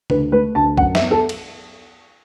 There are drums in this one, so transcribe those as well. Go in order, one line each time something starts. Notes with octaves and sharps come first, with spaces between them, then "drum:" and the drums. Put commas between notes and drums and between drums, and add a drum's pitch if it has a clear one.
D2 B4, drum: tom C#3
A3 B4
D2 A5
F#2 F#5, drum: kick B1
E5, drum: snare
B3
A4
drum: cymbal